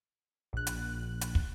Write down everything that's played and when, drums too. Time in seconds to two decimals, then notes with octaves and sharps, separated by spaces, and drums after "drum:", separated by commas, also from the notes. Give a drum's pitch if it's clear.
0.53 A#1 F#6
0.67 drum: hi-hat
1.21 drum: hi-hat
1.35 drum: kick